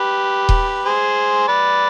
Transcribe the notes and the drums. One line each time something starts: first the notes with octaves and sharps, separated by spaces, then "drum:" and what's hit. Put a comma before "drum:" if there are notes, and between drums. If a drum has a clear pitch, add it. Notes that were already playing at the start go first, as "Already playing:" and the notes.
Already playing: G4 B4
drum: kick D#1
G#4 C5
B4 D5